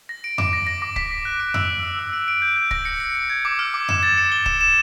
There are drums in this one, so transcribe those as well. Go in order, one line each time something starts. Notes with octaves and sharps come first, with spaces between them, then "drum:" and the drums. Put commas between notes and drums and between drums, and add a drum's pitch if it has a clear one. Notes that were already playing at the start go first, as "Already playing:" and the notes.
A#6
D7
D6, drum: tom F2
A#6
A#6
D6
B6, drum: kick C#1
B6
F#6
D7
E6, drum: tom F2
E6
E6
E6
D7
D7
G6
G6
A#6, drum: kick C#1
C#7
C#7
C#7
G#6
D6
F6
D6
E7, drum: tom F2
A6
C#7
G7
E7, drum: kick C#1
E7